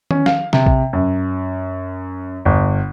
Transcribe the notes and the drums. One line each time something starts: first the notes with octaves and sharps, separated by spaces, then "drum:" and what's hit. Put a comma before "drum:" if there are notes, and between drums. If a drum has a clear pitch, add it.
C#4, drum: tom D#3
F5, drum: snare
C3, drum: snare
drum: kick A#1
F#2
G1